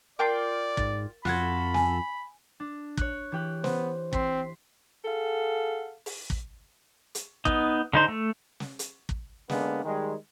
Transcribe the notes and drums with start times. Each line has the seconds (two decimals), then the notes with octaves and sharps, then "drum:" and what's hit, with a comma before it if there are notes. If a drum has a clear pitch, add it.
0.19 F4 A#4 D5 G5 A5 D6 C7
0.77 G#2 A6, drum: kick
1.25 F2 F4 F#4 A4 B5 F#6 G#6, drum: snare
1.74 G#5, drum: snare
2.60 D4
2.97 C#5 F#6, drum: kick
3.32 E3 G4 F#6
3.64 B3 C5, drum: snare
4.13 C4 C6 B6, drum: kick
5.05 G#4 A4 F5 F#5
6.06 drum: open hi-hat
6.30 drum: kick
7.15 drum: hi-hat
7.45 B3 D#4, drum: kick
7.93 D3 D#4 C5
8.08 A3
8.60 drum: snare
8.79 drum: hi-hat
9.09 drum: kick
9.49 D3 G#3 A#3 B3 D4, drum: snare
9.84 D#3 G3 G#3